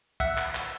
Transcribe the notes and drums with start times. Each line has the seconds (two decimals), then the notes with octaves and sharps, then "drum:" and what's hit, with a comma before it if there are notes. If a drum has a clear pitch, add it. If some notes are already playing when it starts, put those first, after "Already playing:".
0.20 E5 F#5, drum: kick
0.37 drum: clap
0.55 drum: clap